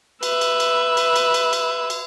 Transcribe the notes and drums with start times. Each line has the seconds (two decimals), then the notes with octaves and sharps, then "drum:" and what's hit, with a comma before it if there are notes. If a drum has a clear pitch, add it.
0.23 B4 E5, drum: cymbal
0.41 drum: cymbal
0.60 drum: cymbal
0.97 drum: cymbal
1.16 drum: cymbal
1.34 drum: cymbal
1.53 drum: cymbal
1.90 drum: cymbal